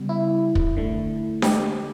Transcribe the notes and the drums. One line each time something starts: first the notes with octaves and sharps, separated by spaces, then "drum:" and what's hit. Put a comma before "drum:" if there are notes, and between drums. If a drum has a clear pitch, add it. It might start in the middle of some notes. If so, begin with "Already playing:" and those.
Already playing: C#3 G3 B3
E4
drum: kick
D3 A3
G4, drum: snare D4